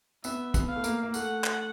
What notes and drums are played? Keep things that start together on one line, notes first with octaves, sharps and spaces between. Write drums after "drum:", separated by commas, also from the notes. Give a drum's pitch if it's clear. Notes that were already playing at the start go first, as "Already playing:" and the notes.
B3 E5, drum: tambourine
B3, drum: kick, tambourine
F5
A3
A#3, drum: tambourine
A#3
A3 F#5, drum: tambourine
drum: clap